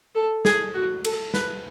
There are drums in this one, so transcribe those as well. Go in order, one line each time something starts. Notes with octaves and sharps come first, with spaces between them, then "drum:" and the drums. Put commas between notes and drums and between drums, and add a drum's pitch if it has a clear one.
A4
G#4, drum: snare
F#4
A4, drum: cymbal
B4, drum: snare